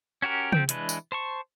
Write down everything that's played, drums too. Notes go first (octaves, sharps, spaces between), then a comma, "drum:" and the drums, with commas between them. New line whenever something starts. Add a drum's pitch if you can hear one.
C#4 F#4 G4 A#4
F3 C4 G5, drum: tom
E3 G#3 D4 B4, drum: hi-hat
drum: tambourine
C5 A5 C#6